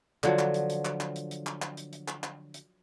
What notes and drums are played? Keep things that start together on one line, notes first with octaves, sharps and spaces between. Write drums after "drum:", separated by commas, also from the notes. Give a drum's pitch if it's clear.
D3 F3 F#3, drum: clap
drum: clap
drum: hi-hat
drum: hi-hat
drum: clap
drum: clap
drum: hi-hat
drum: hi-hat
drum: clap
drum: clap
drum: hi-hat
drum: hi-hat
drum: clap
drum: clap
drum: hi-hat